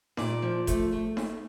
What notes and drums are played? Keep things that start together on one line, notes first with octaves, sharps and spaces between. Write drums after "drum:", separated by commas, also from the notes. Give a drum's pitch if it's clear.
A#2 D5, drum: snare D#4
F3
A3, drum: kick F1, hi-hat
A3
drum: snare D#4